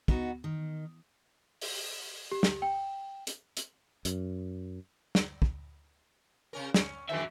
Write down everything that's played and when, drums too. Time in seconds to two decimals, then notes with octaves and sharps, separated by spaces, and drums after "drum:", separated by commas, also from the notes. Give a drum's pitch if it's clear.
0.08 B3 D#4 F#4, drum: kick
0.44 D#3
1.61 drum: open hi-hat
2.32 G4
2.43 drum: snare
2.62 G5
3.27 drum: hi-hat
3.57 drum: hi-hat
4.05 F#2, drum: hi-hat
5.15 drum: snare
5.42 drum: kick
6.53 C3 C#4 A#4
6.74 C#4, drum: snare
7.09 D3 E3 F#3 G#3 E5